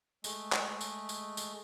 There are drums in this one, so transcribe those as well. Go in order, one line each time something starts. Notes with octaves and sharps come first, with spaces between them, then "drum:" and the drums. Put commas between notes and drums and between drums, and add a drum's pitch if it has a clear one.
G#3 A3, drum: tambourine
drum: clap
drum: tambourine
drum: tambourine
drum: tambourine